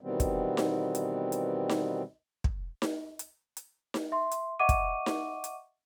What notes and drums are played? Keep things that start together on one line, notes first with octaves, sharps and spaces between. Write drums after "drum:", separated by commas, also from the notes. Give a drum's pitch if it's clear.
B2 D#3 E3 G3 B3 C4
drum: kick, hi-hat
drum: snare D#4
drum: hi-hat
drum: hi-hat
drum: snare D#4
drum: kick
drum: snare D#4
drum: hi-hat
drum: hi-hat
drum: snare D#4
E5 C6
drum: hi-hat
D#5 E5 F#5 C#6 D6 D#7
drum: kick, hi-hat
drum: snare D#4
drum: hi-hat